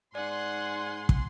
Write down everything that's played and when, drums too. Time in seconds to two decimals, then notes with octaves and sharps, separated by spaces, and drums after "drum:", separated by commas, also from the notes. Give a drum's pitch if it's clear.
0.15 G#2 D5 F#5 G#5 C6
1.09 drum: kick